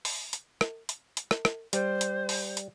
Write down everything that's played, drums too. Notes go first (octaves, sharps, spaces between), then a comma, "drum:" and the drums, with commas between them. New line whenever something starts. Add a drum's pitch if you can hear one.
drum: open hi-hat
drum: hi-hat
drum: rim click
drum: hi-hat
drum: hi-hat
drum: rim click
drum: rim click
G3 C5, drum: hi-hat
drum: hi-hat
drum: open hi-hat
drum: hi-hat